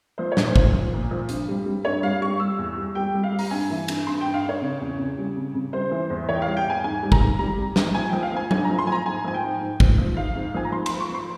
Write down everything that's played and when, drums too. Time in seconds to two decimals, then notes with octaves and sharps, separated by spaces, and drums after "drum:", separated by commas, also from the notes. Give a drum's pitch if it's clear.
0.18 F3 C5
0.32 C#5
0.37 A#2, drum: snare
0.46 C5
0.56 F3, drum: kick
0.73 F3
0.93 A#2
1.11 F3
1.29 G2, drum: hi-hat
1.48 G3
1.66 G3
1.85 G2 C#5
2.03 G3 F5
2.21 G3 C#6
2.40 G3 E6
2.58 E2
2.78 G3
2.95 G3 G5
3.15 G3
3.23 F5
3.32 G3
3.39 A#5, drum: open hi-hat
3.51 G2 G#5
3.70 E3
3.88 G2, drum: cymbal
4.07 G2 C6
4.21 G2 G5
4.34 F5
4.44 G2 C#5
4.62 C#3
4.81 E2
4.99 C#3
5.18 G3
5.37 C#3
5.55 C#3
5.73 G3 C5
5.91 E3
6.10 E2
6.29 E3 C#5
6.35 G5
6.42 F5
6.47 G3
6.57 G5
6.66 E2 G#5
6.84 G#2 G#5
7.03 G3
7.12 A#5, drum: kick
7.21 G#2
7.39 G3 A#5
7.59 G3
7.76 G#2, drum: snare
7.94 F3 G#5
8.09 F3 G5
8.23 F5
8.32 F3 G#5
8.51 G2 G#5, drum: tom F#3
8.65 A#5
8.69 F3
8.78 C6
8.87 F3 G#5 A#5
9.06 G#2 G#5
9.25 F3 G#5
9.34 G5
9.43 G#2
9.61 G#2
9.80 F3, drum: kick
9.98 F3
10.16 G#2 F5
10.35 G#2
10.54 F3 G#5
10.65 A#5
10.72 F3 C6
10.86 C6, drum: cymbal
10.91 F3
11.00 C#6
11.09 F3
11.15 C6